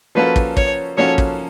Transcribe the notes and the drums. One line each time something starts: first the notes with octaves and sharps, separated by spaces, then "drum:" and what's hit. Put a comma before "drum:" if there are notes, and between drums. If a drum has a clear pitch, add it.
F3 A#3 C#4 F#4 A4 B4
drum: kick
C#5, drum: kick
F3 A#3 C#4 F#4 A4 C#5
drum: kick